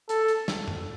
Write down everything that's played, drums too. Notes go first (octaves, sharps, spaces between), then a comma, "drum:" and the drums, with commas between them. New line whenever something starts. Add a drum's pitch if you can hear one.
A4, drum: hi-hat
drum: hi-hat
drum: snare
drum: tom F#2